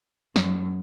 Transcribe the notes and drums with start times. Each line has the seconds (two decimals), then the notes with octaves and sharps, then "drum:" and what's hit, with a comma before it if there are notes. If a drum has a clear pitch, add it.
0.36 F#2, drum: snare